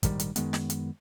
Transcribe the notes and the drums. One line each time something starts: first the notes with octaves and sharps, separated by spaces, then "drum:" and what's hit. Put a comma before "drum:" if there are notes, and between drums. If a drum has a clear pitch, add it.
A#1 G#2 D#3 G3, drum: kick, hi-hat
drum: hi-hat
F#2 D#3 G#3 B3, drum: hi-hat
drum: snare
drum: hi-hat